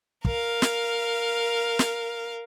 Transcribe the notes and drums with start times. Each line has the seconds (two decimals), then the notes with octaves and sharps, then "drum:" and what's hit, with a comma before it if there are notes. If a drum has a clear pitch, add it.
0.25 A#4 F5, drum: kick
0.62 drum: snare
1.79 drum: snare